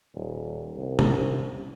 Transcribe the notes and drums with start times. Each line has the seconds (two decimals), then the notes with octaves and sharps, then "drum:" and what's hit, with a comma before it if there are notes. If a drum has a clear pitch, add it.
0.15 D#1
0.76 C2
0.99 drum: tom